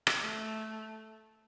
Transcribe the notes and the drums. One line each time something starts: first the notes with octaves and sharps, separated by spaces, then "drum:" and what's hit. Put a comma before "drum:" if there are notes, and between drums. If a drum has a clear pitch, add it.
drum: rim click
A3